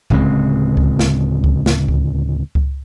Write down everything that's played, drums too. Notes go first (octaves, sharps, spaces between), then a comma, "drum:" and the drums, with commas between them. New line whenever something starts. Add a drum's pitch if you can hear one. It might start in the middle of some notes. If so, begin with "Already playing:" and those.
D1 C#3 G#3 C4, drum: kick C#2
drum: kick C#2
drum: snare
drum: kick C#2
drum: snare
drum: kick C#2
drum: kick C#2